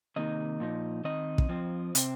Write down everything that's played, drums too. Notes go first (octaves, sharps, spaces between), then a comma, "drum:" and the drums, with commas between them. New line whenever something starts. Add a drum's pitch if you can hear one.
C3 D#3 A#3 D#4 D#5
A#2 F3 D#4
D#3 C4 D#4 D#5
drum: kick
F2 F3 C4
C3 C4, drum: hi-hat